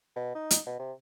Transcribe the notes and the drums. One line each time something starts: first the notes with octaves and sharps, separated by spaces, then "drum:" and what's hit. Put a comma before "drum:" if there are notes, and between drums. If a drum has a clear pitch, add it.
B2
D#4
drum: hi-hat
B2
C3